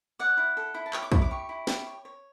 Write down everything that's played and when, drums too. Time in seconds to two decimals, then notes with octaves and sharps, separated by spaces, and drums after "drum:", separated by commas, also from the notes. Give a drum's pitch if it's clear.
0.19 D5 F#5
0.37 E4
0.57 A4
0.74 E4
0.86 A5
0.93 C#5 G5, drum: clap
1.02 D6
1.12 E4 C#6, drum: kick
1.22 D6
1.31 G4 C#6
1.49 E4
1.67 G4, drum: snare
1.86 C#5
2.05 C#5